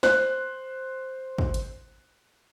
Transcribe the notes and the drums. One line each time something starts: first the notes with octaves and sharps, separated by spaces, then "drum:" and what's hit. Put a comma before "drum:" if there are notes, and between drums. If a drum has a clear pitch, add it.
C5 F#6, drum: snare
drum: kick
drum: hi-hat